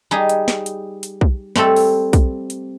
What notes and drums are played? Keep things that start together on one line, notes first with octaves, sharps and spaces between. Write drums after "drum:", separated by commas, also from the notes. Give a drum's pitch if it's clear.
G3 D#4 G#4
drum: hi-hat
drum: snare
drum: hi-hat
drum: hi-hat
drum: kick
G3 A3 C4 A4, drum: snare
drum: open hi-hat
drum: kick, hi-hat
drum: hi-hat